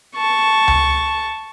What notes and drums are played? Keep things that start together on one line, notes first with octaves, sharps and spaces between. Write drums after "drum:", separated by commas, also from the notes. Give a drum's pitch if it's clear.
A5 C#6
drum: tom C#2